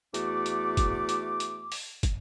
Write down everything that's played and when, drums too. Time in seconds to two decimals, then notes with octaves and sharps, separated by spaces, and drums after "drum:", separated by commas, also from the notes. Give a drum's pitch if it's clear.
0.14 E2 A3 F#4 D6, drum: hi-hat
0.46 drum: hi-hat
0.77 drum: kick, hi-hat
1.09 drum: hi-hat
1.40 drum: hi-hat
1.72 drum: open hi-hat
2.03 drum: kick, hi-hat